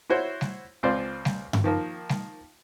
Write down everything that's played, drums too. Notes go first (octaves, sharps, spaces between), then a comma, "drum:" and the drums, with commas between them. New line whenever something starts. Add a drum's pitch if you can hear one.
E4 F#4 C5 C#5
drum: snare G3
C#2 C4 F4 C5 D5
drum: snare G3
drum: tom G2
D#3 F3 A#3
drum: snare G3